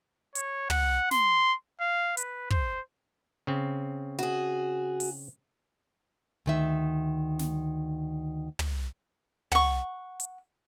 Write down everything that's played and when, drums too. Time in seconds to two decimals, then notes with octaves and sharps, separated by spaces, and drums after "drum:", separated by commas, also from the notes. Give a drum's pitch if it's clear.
0.35 C#5, drum: hi-hat
0.70 F#5, drum: tom
1.11 C6, drum: snare
1.81 F5
2.17 B4, drum: hi-hat
2.50 C5, drum: kick
3.47 C#3 C4
4.19 F#4 G#4
5.00 drum: open hi-hat
6.46 D2 D#3 E5
7.39 drum: snare
8.59 drum: tom
9.52 F#5 C#6, drum: tom
10.20 drum: hi-hat